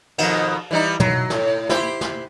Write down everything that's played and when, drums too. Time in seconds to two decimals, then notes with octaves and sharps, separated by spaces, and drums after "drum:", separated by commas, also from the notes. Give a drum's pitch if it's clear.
0.18 F2 B2 D#3, drum: cymbal
0.71 E3 G3 D#4
1.00 F#3, drum: tom
1.30 A2, drum: snare
1.69 E4 G4 C5, drum: snare
2.01 drum: snare